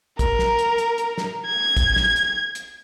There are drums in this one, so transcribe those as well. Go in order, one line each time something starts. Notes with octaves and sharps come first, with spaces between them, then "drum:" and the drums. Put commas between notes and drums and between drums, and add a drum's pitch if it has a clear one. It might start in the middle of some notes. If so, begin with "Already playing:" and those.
A#4, drum: kick, hi-hat
drum: snare
drum: hi-hat
drum: hi-hat
drum: hi-hat
drum: snare
G#6
drum: kick, hi-hat
drum: snare
drum: hi-hat
drum: hi-hat